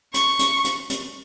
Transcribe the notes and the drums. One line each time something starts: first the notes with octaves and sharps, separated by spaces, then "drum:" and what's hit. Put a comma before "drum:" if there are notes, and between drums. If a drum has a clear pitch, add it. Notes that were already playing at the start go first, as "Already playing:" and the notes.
C#6, drum: hi-hat
drum: hi-hat
drum: hi-hat
drum: hi-hat